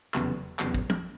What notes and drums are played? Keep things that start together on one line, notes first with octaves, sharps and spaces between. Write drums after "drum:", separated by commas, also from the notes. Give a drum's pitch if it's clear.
F1 E2 C#3 F#3 B3, drum: clap
F1 E2 C#3 F#3 B3, drum: clap
drum: kick
drum: tom